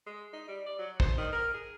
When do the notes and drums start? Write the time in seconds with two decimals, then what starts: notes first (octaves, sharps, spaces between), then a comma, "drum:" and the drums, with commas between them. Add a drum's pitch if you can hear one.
0.06 G#3
0.33 D#4
0.48 G3
0.66 D5
0.79 F#3
1.00 C5, drum: kick
1.18 D#3
1.32 A#4
1.54 G#4